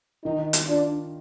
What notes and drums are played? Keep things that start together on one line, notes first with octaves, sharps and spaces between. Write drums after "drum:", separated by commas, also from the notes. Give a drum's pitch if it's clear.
D#3 D#4
drum: hi-hat
D4 F4